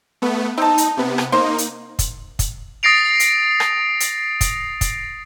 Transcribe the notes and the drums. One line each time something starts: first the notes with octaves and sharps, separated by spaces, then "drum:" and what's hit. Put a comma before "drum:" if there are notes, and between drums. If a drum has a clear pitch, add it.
A3 B3
C4 D#4 A5
drum: hi-hat
C3 B3
drum: rim click
A#3 D#4 C5
drum: hi-hat
drum: kick, hi-hat
drum: kick, hi-hat
D#6 A6 A#6 C7 D7 F7
drum: hi-hat
drum: rim click
drum: hi-hat
drum: kick, hi-hat
drum: kick, hi-hat